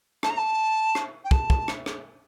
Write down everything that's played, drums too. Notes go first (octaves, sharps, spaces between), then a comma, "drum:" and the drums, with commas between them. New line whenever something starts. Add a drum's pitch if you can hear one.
A5, drum: rim click
A#5
A5
drum: rim click
G5
A5, drum: kick
drum: kick
drum: rim click
drum: rim click